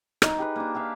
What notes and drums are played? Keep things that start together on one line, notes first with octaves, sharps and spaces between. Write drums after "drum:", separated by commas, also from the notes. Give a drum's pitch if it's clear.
D#4, drum: rim click
G4 G#4 B4
A#3 D4
G4 E5 F5